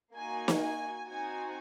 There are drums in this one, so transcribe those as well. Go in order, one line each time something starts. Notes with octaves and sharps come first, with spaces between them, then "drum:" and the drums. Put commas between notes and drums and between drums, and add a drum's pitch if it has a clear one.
A#3 D#4 F#4 G#5
drum: snare
G#5
C4 D#4 F#4 G#5